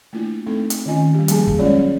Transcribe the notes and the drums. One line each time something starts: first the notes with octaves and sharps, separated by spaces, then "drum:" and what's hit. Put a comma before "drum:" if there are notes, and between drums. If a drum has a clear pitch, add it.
A3 A#3 D4 E4 F4
A3 C4 D#4 A4
drum: hi-hat
D#3 C#4 F4 D#5 G#5
G3 G4
F3 G3 A#3 G#4 A5, drum: hi-hat
drum: kick
F#3 G#3 C#4 F4 C#5 D5